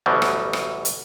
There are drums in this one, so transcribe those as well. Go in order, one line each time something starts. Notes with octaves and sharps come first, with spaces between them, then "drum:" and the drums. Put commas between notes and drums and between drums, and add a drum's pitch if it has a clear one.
A1 D2 B2 F#3 G3
drum: rim click
drum: rim click
drum: hi-hat